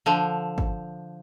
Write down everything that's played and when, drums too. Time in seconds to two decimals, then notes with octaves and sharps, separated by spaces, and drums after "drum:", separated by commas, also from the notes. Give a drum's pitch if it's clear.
0.06 D3 F3
0.58 drum: kick